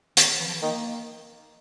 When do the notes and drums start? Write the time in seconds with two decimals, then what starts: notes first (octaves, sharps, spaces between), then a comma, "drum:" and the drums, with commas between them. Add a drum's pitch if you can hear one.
0.17 D#3, drum: hi-hat
0.40 E3
0.47 F3
0.54 E3
0.62 D#3 A#3